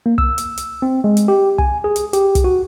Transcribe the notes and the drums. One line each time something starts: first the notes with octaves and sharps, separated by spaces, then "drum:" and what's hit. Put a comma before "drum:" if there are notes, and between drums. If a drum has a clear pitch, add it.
A#3
E6, drum: kick
drum: hi-hat
drum: hi-hat
C4
G#3
drum: hi-hat
G4
G#5, drum: kick
G#4
drum: hi-hat
G4, drum: hi-hat
drum: kick, hi-hat
F#4